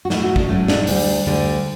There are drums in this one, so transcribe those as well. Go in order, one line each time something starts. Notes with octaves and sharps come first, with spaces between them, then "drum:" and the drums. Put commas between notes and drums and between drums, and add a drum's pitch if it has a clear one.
F#4
A2 F#3 A3 E4, drum: snare
F#4
D4, drum: kick
A2 F#3 A3 C#4
D4, drum: snare
D2 D3 G3, drum: open hi-hat
D2 D3 G3